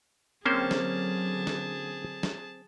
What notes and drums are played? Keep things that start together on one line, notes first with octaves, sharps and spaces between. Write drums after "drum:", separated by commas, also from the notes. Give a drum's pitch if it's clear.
D3 F#3 A#3 C4 C#4 G#4 C5 A5
drum: snare
drum: snare
drum: snare